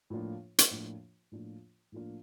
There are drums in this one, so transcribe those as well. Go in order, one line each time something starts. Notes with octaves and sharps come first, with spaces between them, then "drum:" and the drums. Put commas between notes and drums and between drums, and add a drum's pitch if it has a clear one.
A2 F3 A#3 D4 F4
drum: hi-hat
A2 F3 A#3 D4 F4
A2 F3 A#3 D4 F4
A2 F3 A#3 D4 F4